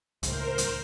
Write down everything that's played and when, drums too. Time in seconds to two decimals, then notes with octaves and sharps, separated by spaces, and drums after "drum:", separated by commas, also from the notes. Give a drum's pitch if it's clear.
0.23 C#2 A2 A#4 C5, drum: hi-hat
0.58 drum: hi-hat